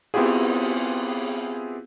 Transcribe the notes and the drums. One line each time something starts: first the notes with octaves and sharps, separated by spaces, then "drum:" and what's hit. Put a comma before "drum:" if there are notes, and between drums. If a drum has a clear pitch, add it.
B3 C4 E4 F4 G4 G#4, drum: cymbal